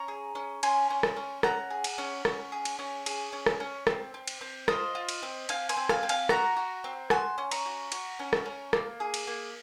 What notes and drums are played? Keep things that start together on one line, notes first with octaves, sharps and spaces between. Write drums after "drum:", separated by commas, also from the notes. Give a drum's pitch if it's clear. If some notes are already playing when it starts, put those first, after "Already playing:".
Already playing: C#4 A#5 C#6
G#4
C#4
C#4 G#5 C6, drum: cymbal
C#4
drum: rim click
C#4
C#4 F#5 A#5, drum: rim click
G#4
drum: cymbal
C#4
C#4, drum: rim click
G#4
drum: cymbal
C#4
G#4, drum: cymbal
C#4
drum: rim click
C#4
C4, drum: rim click
C4
drum: cymbal
C4
F4 C5 D#5, drum: rim click
F4
drum: cymbal
C4
C4 F5 G#5, drum: cymbal
G#5 C6, drum: cymbal
C4
F5 G#5, drum: rim click
C4
F5 G#5, drum: cymbal
F#4 F#5 A#5, drum: rim click
F#4
C4
F#4 G#5 C6, drum: rim click
C#4
A#5 C#6, drum: cymbal
F#4
F#4, drum: cymbal
C#4
drum: rim click
C#4
A#3, drum: rim click
G#4
drum: cymbal
A#3